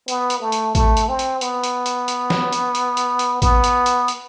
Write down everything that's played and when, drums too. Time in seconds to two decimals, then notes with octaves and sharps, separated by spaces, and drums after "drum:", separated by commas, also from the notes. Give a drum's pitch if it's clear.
0.08 B3, drum: hi-hat
0.30 drum: hi-hat
0.41 A3
0.52 drum: hi-hat
0.75 A3, drum: kick A1, hi-hat
0.97 drum: hi-hat
1.08 C4
1.19 drum: hi-hat
1.41 B3, drum: hi-hat
1.63 drum: hi-hat
1.86 drum: hi-hat
2.08 drum: hi-hat
2.30 drum: snare
2.52 drum: hi-hat
2.75 drum: hi-hat
2.97 drum: hi-hat
3.19 drum: hi-hat
3.42 B3, drum: kick A1, hi-hat
3.64 drum: hi-hat
3.86 drum: hi-hat
4.08 drum: hi-hat